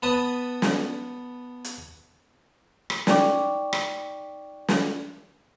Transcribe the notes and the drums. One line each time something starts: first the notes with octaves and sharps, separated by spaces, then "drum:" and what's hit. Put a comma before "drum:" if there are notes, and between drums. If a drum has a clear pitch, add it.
B3 B4 A5 D#6
drum: snare
drum: hi-hat
drum: rim click
D#4 D5 G5 C#6 D6, drum: snare
drum: rim click
drum: snare